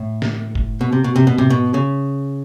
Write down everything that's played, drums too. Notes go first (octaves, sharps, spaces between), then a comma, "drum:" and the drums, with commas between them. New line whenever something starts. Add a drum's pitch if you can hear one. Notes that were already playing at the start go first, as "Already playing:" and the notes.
Already playing: A2
drum: snare
drum: kick F#1
B2
C3
B2
C3
B2
C3, drum: tom G#2
B2
C#3